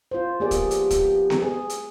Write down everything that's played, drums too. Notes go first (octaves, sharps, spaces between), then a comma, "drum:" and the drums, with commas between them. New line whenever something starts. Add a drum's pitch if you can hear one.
F4 C5
F3 A#3 B3 G4 G#4 D5
drum: kick, hi-hat
drum: hi-hat
drum: kick, hi-hat
drum: snare B3
G#4
drum: hi-hat